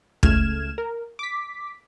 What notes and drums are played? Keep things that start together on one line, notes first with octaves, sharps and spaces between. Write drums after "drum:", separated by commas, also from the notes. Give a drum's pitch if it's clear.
C#2 A3 F6 G#6 E7, drum: kick
A#4
D6 B6